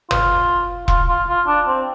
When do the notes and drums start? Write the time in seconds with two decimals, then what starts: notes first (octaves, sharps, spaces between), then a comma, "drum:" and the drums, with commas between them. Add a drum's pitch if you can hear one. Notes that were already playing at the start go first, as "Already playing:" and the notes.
0.11 F4, drum: tom
0.88 F4, drum: kick E1
1.08 F4
1.28 F4
1.47 D4
1.67 C4